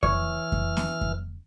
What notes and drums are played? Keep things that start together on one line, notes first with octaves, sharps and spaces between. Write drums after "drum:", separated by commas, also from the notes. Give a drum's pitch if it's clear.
E3 C#5 F6, drum: kick F2
drum: kick F2
drum: snare B3
drum: kick F2